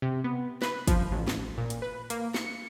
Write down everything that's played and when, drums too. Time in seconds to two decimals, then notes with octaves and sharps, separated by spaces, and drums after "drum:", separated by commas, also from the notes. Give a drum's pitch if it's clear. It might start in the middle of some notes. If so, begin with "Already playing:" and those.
0.02 C3
0.24 B3
0.62 B4, drum: snare
0.88 F3, drum: kick, hi-hat
1.12 A1
1.28 drum: snare
1.58 A#2
1.70 drum: hi-hat
1.82 B4
2.10 A#3, drum: hi-hat
2.34 C#7, drum: snare